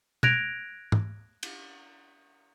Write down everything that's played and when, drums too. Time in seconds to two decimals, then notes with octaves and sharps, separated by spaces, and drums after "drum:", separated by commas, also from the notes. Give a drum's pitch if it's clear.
0.23 F#6 G#6 A#6 D7 F7, drum: tom B2
0.92 drum: tom G#2
1.43 drum: cymbal